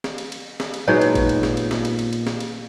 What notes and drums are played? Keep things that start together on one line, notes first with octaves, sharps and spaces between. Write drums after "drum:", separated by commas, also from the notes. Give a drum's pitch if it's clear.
drum: snare
drum: cymbal
drum: cymbal
drum: snare
drum: cymbal
A#2 F#3 G#3 B3 D#4 C#5
drum: cymbal
drum: kick G#1, cymbal
drum: cymbal
drum: snare
drum: cymbal
drum: snare
drum: cymbal
drum: cymbal
drum: cymbal
drum: snare
drum: cymbal